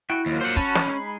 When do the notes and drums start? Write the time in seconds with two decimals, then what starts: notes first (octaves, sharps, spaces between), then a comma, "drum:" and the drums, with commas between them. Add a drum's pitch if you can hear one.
0.10 E4 F#4 G5
0.26 D#2 F3 F#3 A#3
0.41 C5 F#5
0.56 C#4 F#4 A5 B5, drum: kick, hi-hat
0.75 drum: snare
0.86 G#3 D#4 G#4